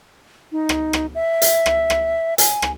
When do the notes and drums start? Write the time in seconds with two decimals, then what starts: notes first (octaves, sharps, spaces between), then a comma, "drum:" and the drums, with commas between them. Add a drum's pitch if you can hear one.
0.52 D#4
0.69 drum: rim click
0.93 drum: rim click
1.15 E5
1.42 drum: hi-hat
1.66 drum: rim click
1.90 drum: rim click
2.38 G#5, drum: hi-hat
2.62 drum: rim click